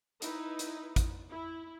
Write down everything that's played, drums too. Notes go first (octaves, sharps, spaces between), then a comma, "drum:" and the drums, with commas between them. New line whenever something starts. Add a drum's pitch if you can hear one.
D#4 E4 B4, drum: hi-hat
drum: hi-hat
drum: kick, hi-hat
E4